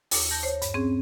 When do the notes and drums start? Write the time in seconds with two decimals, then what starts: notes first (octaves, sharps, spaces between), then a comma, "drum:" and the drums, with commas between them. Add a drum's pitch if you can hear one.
0.11 D#2 D6, drum: open hi-hat
0.31 A5 G6 A#6
0.43 C5 C#5
0.62 G2, drum: hi-hat
0.74 C4 C#4 G#4